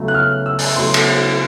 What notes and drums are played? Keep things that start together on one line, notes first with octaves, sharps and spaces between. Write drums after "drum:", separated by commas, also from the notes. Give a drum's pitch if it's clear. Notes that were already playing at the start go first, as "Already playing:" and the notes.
Already playing: E2 C#3 F#3 A3
F#6
F6
E6
drum: open hi-hat
E2 C#3 F#3 A3 C6
drum: cymbal